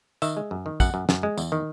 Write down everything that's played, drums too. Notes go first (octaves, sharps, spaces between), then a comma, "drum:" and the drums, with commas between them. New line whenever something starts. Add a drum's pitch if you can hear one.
D#3 E5, drum: tambourine
G#3
F#2
D#3
F#2 F#5, drum: kick, tambourine
F#2
F#2, drum: snare
G#3
E2, drum: tambourine
D#3